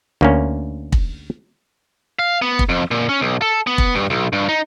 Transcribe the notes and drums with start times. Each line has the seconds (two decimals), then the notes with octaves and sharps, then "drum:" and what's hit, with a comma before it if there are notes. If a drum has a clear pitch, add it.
0.21 D2 A#3 C#4
0.92 drum: kick
2.19 F5
2.42 B3
2.59 drum: kick
2.69 F2
2.91 A#2
3.09 C#4
3.21 B1
3.42 A4
3.67 B3
3.78 drum: kick
3.95 G2
4.10 B1
4.33 G2
4.49 D#4